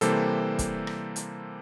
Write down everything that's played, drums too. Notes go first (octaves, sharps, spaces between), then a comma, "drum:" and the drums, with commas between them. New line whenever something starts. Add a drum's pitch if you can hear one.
C3 E3 G3 A#3 A4 C5, drum: hi-hat
drum: kick, hi-hat
drum: rim click
drum: hi-hat